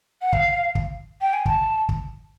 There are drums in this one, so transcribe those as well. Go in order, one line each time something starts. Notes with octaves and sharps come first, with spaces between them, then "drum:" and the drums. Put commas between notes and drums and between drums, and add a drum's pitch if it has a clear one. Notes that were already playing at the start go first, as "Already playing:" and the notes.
F#5
F5, drum: kick
drum: kick
G5
G#5
A5, drum: kick
drum: kick